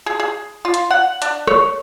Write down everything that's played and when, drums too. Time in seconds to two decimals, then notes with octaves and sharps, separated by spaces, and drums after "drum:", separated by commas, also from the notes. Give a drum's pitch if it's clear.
0.06 G#4
0.20 G#4
0.65 F4
0.74 drum: hi-hat
0.91 F#5
1.22 D4, drum: hi-hat
1.47 C#5, drum: rim click